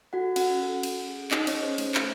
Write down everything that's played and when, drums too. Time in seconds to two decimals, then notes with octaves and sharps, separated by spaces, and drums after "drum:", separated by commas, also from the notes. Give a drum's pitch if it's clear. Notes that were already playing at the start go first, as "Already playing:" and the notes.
0.13 F#4 A4 F#5
0.36 C#4 F#4 F#5, drum: cymbal
0.60 F#4 A4
0.83 C#4, drum: cymbal
1.08 G#4
1.31 C#4 D#4 D#5, drum: clap
1.47 C#4 C#5, drum: cymbal
1.55 G#4
1.63 C5
1.78 A3, drum: cymbal
1.95 drum: clap